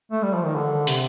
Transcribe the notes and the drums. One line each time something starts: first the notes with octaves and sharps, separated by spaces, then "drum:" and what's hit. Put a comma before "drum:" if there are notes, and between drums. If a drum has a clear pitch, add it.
A3
G3
F3
D#3
D3
C3, drum: open hi-hat